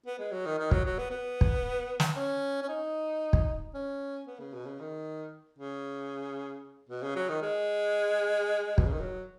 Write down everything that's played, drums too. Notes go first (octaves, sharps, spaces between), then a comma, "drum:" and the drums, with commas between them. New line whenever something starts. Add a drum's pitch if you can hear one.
B3
G#3
F#3
D#3
D#3
F#3, drum: kick
F#3
B3
B3
drum: kick
drum: snare
C#4
C#4
D#4
drum: kick
C#4
B3
C#3
B2
C#3
D#3
C#3
B2
C#3
F#3
D#3
G#3
B2, drum: kick
C#3
D#3
F#3